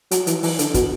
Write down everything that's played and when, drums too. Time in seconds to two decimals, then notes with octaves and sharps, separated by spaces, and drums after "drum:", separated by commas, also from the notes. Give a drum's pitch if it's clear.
0.11 F#3, drum: hi-hat
0.27 E3, drum: hi-hat
0.43 E3, drum: open hi-hat
0.59 D3, drum: hi-hat
0.74 B2, drum: kick, hi-hat